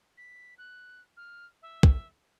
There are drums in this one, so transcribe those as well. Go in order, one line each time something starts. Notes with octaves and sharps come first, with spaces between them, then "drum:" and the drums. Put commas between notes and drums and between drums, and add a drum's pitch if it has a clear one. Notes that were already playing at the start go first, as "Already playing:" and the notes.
B6
F#6
F6
E5
drum: kick